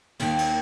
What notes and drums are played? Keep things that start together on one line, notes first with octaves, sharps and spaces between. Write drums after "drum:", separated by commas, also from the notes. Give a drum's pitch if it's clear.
D#2 D#3 A#3 G5, drum: cymbal
drum: cymbal